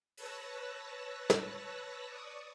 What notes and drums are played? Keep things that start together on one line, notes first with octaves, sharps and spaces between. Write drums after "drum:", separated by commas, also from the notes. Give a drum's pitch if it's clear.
B4 C#5 A5 E6 F#6 A#6, drum: open hi-hat
drum: snare
D5 C#6 D#6